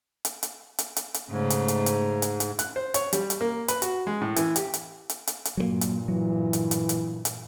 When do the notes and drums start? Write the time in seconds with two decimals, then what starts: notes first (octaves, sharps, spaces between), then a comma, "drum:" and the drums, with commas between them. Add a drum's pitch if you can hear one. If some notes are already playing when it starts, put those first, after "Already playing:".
0.25 drum: hi-hat
0.43 drum: hi-hat
0.79 drum: hi-hat
0.96 drum: hi-hat
1.14 drum: hi-hat
1.30 G#2 C#3 A3
1.50 drum: hi-hat
1.68 drum: hi-hat
1.86 drum: hi-hat
2.22 drum: hi-hat
2.40 drum: hi-hat
2.59 F#6, drum: hi-hat
2.76 C5
2.94 C#5, drum: hi-hat
3.13 G3, drum: hi-hat
3.30 drum: hi-hat
3.41 A#3
3.68 B4, drum: hi-hat
3.82 F#4, drum: hi-hat
4.07 G#3
4.21 A2
4.36 E3, drum: hi-hat
4.56 G4, drum: hi-hat
4.74 drum: hi-hat
5.09 drum: hi-hat
5.27 drum: hi-hat
5.45 drum: hi-hat
5.57 G2 A#2 F#3 G3 A#3
5.81 drum: hi-hat
6.08 E3 F#3
6.53 drum: hi-hat
6.71 drum: hi-hat
6.89 drum: hi-hat
7.25 drum: hi-hat